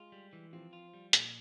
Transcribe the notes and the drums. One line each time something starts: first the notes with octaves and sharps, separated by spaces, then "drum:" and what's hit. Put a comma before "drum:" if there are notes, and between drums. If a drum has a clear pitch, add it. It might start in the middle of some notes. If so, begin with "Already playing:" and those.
Already playing: G#3 F4
G3
E3
F3 C4
F4
G3
A#2, drum: hi-hat